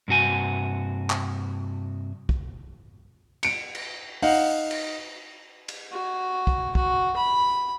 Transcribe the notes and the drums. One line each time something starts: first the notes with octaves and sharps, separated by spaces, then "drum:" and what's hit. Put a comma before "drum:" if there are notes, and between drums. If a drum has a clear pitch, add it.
G2 C3 F#4 G#5
drum: clap
drum: kick
C#7 D7, drum: cymbal
drum: cymbal
D#4 F5 F#5, drum: open hi-hat
drum: cymbal
drum: cymbal
F#4
drum: kick
F#4, drum: kick
B5